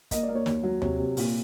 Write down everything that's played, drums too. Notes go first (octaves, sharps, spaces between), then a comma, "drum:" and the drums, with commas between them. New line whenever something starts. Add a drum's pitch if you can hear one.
A#3 D#5, drum: kick, hi-hat
D5
A#3
C#5
D#2, drum: snare
F#3
C3 C#5, drum: tom D#2
C3
A#2, drum: open hi-hat